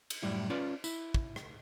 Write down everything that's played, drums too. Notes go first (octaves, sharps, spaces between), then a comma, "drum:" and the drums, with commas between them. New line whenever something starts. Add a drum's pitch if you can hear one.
drum: cymbal
F#2 A2 G3 E4
C#4 F4 B4 D5
E4, drum: tambourine
drum: kick
drum: rim click